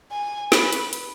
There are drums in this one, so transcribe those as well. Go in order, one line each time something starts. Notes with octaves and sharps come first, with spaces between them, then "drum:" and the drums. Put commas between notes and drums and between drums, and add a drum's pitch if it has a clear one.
G#5
B4, drum: snare
drum: hi-hat
drum: hi-hat